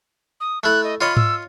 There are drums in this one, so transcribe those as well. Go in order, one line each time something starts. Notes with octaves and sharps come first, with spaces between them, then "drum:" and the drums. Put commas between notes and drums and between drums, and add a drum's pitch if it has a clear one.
D#6
A3 E4 F#6
D#5
F4 C#5 D#5 B5
E6, drum: tom G#2